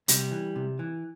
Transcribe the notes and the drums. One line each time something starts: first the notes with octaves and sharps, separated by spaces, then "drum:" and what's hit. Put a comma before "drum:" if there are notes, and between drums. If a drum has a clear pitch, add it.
C3 G3, drum: hi-hat
E3
C3
E3